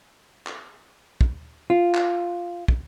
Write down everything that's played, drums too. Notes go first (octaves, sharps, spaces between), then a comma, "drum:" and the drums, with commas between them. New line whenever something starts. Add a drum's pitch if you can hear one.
drum: clap
drum: kick
F4
drum: clap
drum: kick